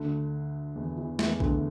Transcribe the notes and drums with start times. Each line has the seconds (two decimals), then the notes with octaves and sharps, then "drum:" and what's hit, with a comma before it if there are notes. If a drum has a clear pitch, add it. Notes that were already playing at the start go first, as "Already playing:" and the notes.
Already playing: D2 D3
0.76 E2 E3
0.97 E2 E3
1.19 E2 E3, drum: snare
1.40 D2 D3, drum: kick